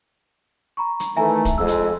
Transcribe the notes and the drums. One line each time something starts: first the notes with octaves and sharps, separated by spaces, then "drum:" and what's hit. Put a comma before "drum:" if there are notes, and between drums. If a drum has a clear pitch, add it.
A#5 B5 C#6
drum: hi-hat
D#3 E3 A3 E5 G#5 A#5
drum: kick, hi-hat
F2 G#3 E6
drum: hi-hat